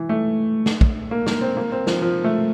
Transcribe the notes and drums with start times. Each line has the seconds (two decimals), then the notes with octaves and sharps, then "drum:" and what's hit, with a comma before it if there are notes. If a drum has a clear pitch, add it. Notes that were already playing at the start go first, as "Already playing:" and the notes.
Already playing: E3
0.09 A3
0.66 drum: snare
0.81 drum: kick
1.11 A#3
1.27 A#3, drum: snare
1.41 C4
1.57 A#3
1.72 C4
1.87 F3, drum: snare
2.02 F3
2.24 A3